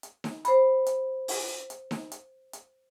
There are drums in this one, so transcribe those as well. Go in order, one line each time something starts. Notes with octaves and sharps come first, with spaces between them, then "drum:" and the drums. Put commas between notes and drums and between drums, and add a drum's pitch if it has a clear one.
drum: hi-hat
drum: snare D#4
C5 B5, drum: hi-hat
drum: hi-hat
drum: open hi-hat
drum: hi-hat
drum: snare D#4
drum: hi-hat
drum: hi-hat